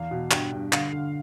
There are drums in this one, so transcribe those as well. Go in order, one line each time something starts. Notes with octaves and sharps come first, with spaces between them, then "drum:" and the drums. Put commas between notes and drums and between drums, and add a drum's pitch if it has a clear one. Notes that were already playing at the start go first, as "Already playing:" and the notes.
Already playing: E2 F5
B2
G2 G5, drum: clap
G2
D3 F5, drum: clap
D3